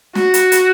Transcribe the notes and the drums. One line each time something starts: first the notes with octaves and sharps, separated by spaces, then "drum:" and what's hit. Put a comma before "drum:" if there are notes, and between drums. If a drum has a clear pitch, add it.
F#4, drum: snare
drum: hi-hat
drum: hi-hat